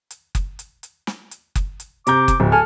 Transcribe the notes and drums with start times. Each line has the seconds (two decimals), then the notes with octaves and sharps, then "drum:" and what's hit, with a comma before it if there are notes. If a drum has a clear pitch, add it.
0.11 drum: hi-hat
0.35 drum: kick F#1, hi-hat
0.59 drum: hi-hat
0.83 drum: hi-hat
1.07 drum: snare
1.31 drum: hi-hat
1.55 drum: kick F#1, hi-hat
1.80 drum: hi-hat
2.07 C3 A#5 D6 G6, drum: hi-hat
2.28 drum: kick F#1, hi-hat
2.40 D1
2.52 A4 G#5 F6